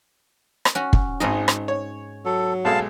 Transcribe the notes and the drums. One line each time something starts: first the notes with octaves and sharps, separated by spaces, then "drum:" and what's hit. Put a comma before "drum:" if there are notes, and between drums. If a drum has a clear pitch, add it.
drum: rim click
C#4 F#4
drum: kick
G#1 G#2 D#4 G#4 D#5
drum: rim click
C#5
F#3 A4
B1 G#3 A4 F5 A5